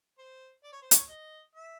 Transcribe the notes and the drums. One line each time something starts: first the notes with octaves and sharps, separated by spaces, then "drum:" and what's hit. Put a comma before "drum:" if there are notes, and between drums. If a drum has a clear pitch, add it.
C5
D5
C#5
C5
C#5, drum: hi-hat
D#5
E5